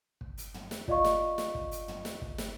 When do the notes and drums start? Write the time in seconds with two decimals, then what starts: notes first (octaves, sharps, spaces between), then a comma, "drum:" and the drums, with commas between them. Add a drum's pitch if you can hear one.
0.21 drum: kick
0.38 drum: hi-hat
0.54 drum: tom
0.71 drum: snare
0.88 F4 D5 D#5 F5 C#6, drum: kick
1.04 drum: snare
1.38 drum: snare
1.55 drum: kick
1.71 drum: hi-hat
1.88 drum: tom
2.05 drum: snare
2.22 drum: kick
2.38 drum: snare